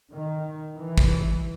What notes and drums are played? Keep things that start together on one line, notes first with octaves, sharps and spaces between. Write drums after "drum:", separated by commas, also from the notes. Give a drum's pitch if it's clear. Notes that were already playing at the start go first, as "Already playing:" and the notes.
D#3
E3
drum: kick